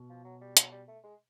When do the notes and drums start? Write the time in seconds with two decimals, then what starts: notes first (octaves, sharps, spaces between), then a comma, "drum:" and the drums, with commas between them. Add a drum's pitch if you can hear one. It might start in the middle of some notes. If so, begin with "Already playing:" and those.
Already playing: B2
0.10 F3
0.25 F#3
0.41 G3
0.57 F#3, drum: hi-hat
0.72 G3
0.88 A3
1.04 G#3